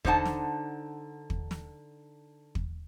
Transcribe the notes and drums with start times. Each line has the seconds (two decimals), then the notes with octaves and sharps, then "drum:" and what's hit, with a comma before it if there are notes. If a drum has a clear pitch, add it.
0.05 D3 D#4 C5 F#5 A5, drum: kick
0.25 drum: snare
1.30 drum: kick
1.51 drum: snare
2.55 drum: kick